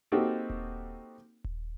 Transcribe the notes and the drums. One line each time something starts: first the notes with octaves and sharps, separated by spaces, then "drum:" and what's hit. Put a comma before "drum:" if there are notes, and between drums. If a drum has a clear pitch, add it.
A#3 C4 D#4 F#4 G4 A4
drum: kick D#1
drum: kick D#1